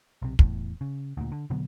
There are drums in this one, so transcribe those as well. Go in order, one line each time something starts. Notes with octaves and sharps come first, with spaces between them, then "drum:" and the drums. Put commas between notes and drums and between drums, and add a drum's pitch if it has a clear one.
B1 C3
E2 A2, drum: kick
C#3
D2 A#2
D3
B2 D3 F#3 B3